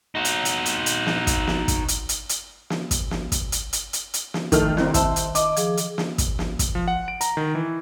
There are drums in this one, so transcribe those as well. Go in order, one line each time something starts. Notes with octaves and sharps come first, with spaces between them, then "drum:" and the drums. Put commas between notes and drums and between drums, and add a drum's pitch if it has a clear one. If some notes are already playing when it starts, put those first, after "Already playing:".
D#4 F#4
drum: hi-hat
drum: hi-hat
drum: hi-hat
drum: hi-hat
drum: snare
drum: kick, hi-hat
drum: snare
drum: kick, hi-hat
drum: hi-hat
drum: hi-hat
drum: hi-hat
drum: snare
drum: kick, hi-hat
drum: snare
drum: kick, hi-hat
drum: hi-hat
drum: hi-hat
drum: hi-hat
drum: hi-hat
drum: snare
D#3 A3 F6, drum: kick, hi-hat
C2 D#3 C4, drum: snare
C5 E5 A5 E6, drum: kick, hi-hat
drum: hi-hat
D#5 D6, drum: hi-hat
F3 G#4, drum: hi-hat
drum: hi-hat
drum: snare
drum: kick, hi-hat
drum: snare
drum: kick, hi-hat
F3
F#5
D7
A#5, drum: hi-hat
D#3
E3